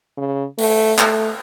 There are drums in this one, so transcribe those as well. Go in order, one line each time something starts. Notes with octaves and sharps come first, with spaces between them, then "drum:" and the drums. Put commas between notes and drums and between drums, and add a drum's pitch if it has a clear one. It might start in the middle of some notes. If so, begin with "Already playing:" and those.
C#3
A3, drum: open hi-hat
A3, drum: clap